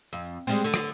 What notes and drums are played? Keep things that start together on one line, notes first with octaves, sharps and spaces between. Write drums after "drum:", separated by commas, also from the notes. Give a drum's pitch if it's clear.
F2
G3 G#3 C4
D3
drum: rim click